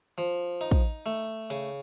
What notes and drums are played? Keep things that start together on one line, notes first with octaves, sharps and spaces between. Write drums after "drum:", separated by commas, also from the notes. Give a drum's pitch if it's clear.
F3
D#4
drum: kick
A3
C#3, drum: hi-hat